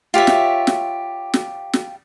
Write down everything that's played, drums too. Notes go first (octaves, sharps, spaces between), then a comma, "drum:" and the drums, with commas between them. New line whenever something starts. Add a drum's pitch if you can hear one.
F4 G4 C#5 E5
drum: snare
drum: snare
drum: snare
drum: snare